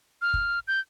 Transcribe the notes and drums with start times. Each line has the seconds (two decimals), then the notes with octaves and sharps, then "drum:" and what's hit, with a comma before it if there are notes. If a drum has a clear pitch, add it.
0.22 F6
0.34 drum: kick
0.68 G6